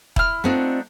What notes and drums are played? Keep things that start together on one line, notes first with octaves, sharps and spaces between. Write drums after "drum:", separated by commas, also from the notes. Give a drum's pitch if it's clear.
E4 F6, drum: kick E1
A3 C4 D4 D#4 F4 F#5